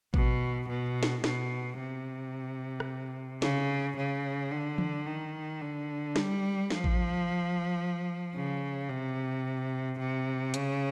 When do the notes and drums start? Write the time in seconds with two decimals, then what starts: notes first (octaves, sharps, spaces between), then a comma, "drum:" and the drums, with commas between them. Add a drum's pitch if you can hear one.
0.14 B2, drum: kick A1
0.69 B2
1.03 drum: snare
1.24 B2, drum: snare
1.79 C3
2.80 drum: rim click
3.42 C#3, drum: snare
3.97 C#3
4.52 D3
4.78 drum: tom E3
5.06 D#3
5.61 D3
6.16 G3, drum: snare
6.70 F3, drum: snare
6.84 drum: kick A1
8.35 C#3
8.89 C3
9.99 C3
10.54 C#3, drum: hi-hat